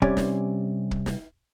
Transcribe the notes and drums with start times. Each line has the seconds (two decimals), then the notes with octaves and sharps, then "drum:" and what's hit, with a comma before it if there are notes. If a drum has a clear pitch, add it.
0.02 C3 G3 C#4 D5 G#5, drum: kick
0.17 drum: snare
0.91 drum: kick
1.06 drum: snare